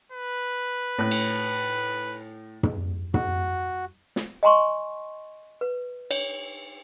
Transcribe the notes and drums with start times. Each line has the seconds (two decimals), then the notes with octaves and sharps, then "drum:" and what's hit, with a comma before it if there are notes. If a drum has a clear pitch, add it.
0.12 B4
0.99 A2 F#6
1.11 drum: cymbal
2.63 drum: tom
3.14 F#4, drum: tom
4.16 drum: snare
4.43 D#5 G#5 A#5 C6 C#6
5.61 B4
6.11 C#5, drum: cymbal